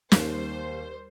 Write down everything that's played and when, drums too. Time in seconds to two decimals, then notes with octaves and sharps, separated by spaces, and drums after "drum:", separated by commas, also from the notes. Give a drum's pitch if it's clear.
0.12 D#2 G3 C5, drum: snare